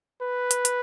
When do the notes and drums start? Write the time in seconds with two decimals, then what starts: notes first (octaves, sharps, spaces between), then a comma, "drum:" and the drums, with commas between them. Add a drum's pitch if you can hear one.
0.22 B4
0.51 drum: hi-hat
0.65 drum: hi-hat